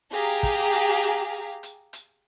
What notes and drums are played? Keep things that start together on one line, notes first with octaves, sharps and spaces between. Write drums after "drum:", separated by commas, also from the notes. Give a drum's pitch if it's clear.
G4 G#4 F5 A#5, drum: hi-hat
drum: kick, hi-hat
drum: hi-hat
drum: hi-hat
drum: hi-hat
drum: hi-hat